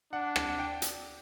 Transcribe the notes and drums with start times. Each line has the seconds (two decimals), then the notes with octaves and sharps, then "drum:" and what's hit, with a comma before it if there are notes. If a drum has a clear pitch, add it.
0.12 D4 F#5
0.36 drum: rim click
0.50 F#5
0.59 G5
0.82 drum: hi-hat